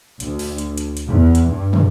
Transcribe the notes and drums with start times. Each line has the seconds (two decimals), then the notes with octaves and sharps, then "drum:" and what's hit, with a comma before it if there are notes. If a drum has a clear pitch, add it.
0.20 D2, drum: hi-hat
0.39 drum: open hi-hat
0.58 drum: hi-hat
0.78 drum: hi-hat
0.97 drum: hi-hat
1.07 E2
1.35 drum: hi-hat
1.50 G2
1.73 drum: tom